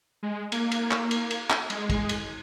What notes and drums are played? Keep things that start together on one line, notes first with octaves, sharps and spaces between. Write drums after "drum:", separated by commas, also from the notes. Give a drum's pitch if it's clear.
G#3
A#3, drum: cymbal
drum: cymbal
drum: clap
drum: cymbal
drum: cymbal
drum: clap
G#3, drum: cymbal
drum: kick, cymbal
drum: cymbal